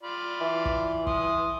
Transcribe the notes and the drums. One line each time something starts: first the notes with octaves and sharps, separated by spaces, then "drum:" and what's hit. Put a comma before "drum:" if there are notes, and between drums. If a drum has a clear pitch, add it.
F4 D5 B5
E3
drum: kick
C6 D#6, drum: kick